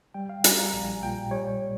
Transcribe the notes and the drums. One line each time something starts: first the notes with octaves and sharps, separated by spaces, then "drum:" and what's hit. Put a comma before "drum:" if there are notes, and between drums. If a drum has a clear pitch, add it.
G3 G5
F5
G3 G#5, drum: hi-hat
A#5
A#1 G#5
A#2 G5
G3 C#5